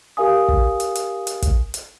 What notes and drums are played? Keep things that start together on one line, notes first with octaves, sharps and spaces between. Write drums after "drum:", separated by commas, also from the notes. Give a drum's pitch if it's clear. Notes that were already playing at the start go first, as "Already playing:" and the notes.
G4 A#4 F5 G#5 D#6
drum: kick
drum: hi-hat
drum: hi-hat
drum: hi-hat
drum: kick, hi-hat
drum: hi-hat